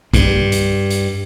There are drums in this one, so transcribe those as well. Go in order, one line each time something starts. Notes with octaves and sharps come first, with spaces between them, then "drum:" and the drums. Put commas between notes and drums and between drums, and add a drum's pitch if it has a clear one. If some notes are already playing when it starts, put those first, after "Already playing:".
G2, drum: kick, hi-hat
drum: hi-hat
drum: hi-hat